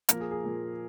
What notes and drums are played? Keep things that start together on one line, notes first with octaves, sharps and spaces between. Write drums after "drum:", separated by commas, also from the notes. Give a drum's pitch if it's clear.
A#2 F3 A#3 A#4, drum: hi-hat
G#4
G#4
A#2 F3 A#3